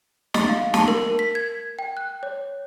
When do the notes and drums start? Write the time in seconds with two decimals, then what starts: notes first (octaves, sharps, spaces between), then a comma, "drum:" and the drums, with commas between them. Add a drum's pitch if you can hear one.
0.34 D#5, drum: snare
0.49 F5
0.74 A5, drum: snare
0.88 A#4
1.19 B6
1.35 G#6
1.79 G5
1.97 F#6
2.23 C#5